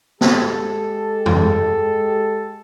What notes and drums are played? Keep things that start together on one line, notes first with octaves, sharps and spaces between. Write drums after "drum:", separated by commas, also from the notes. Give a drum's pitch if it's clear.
G#3 G4 A4, drum: snare
drum: tom